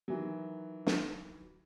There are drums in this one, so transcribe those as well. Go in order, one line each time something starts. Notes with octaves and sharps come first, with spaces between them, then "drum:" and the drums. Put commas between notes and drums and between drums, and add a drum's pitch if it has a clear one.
D#3 E3 F#3
drum: snare